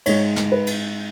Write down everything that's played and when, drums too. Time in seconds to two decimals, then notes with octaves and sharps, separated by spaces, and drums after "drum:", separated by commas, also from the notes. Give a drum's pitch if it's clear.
0.06 G#2 G#3 C#5, drum: cymbal
0.36 drum: snare
0.52 B4
0.67 drum: cymbal